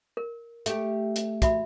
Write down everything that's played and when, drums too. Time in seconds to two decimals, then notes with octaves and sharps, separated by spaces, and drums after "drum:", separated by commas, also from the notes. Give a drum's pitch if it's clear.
0.17 A#4
0.66 A3 G4, drum: hi-hat
1.16 drum: hi-hat
1.42 F#4 E5 B5, drum: kick, hi-hat